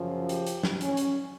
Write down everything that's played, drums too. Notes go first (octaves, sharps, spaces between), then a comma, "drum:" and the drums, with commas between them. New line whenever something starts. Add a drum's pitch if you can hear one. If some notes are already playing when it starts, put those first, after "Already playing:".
Already playing: F#2 C#3 F3
G4, drum: hi-hat
drum: hi-hat
drum: snare
C#4, drum: hi-hat
drum: hi-hat